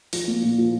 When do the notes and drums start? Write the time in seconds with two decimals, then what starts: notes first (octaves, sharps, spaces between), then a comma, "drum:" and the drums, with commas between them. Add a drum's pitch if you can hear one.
0.13 F3, drum: open hi-hat
0.28 A#3
0.43 A#2
0.58 F3